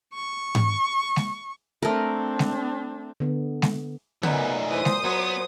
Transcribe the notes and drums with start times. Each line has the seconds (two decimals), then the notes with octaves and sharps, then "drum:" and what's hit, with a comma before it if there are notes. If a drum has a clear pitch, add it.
0.14 C#6
0.55 drum: tom G#2
1.16 drum: snare G#3
1.82 A3 C4 D4 A#4
2.39 drum: snare G#3
3.20 D3 B3
3.62 drum: snare G#3
4.23 F#2 A#2 A3 B3 D#4, drum: tom
4.70 E3 C5 D#6
4.85 drum: snare G#3
5.04 F#3 B3